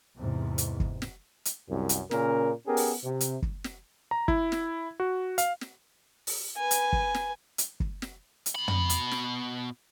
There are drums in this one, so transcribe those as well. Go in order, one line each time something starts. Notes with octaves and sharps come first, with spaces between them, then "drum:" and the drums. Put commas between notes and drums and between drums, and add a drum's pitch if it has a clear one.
E2 G#2 C3
drum: hi-hat
drum: kick
drum: snare
drum: hi-hat
C2 F#2
drum: hi-hat
A#2 C#3 C#4 A#4, drum: snare
B3 C#4 G4 G#4 A#4
drum: open hi-hat
C3
drum: hi-hat
drum: kick
drum: snare
A#5
E4, drum: kick
drum: snare
F#4
F5, drum: hi-hat
drum: snare
drum: open hi-hat
B4 G#5
drum: hi-hat
drum: kick
drum: snare
drum: hi-hat
drum: kick
drum: snare
drum: hi-hat
B2 B5
drum: tom
drum: hi-hat
drum: snare